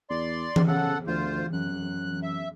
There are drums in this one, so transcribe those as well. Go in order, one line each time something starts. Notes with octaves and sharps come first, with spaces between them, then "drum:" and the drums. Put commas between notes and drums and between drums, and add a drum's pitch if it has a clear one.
E2 D5 C6
drum: tom E3
C#3 A4 F#5
D2 F4 C5
F#2 F#6
E5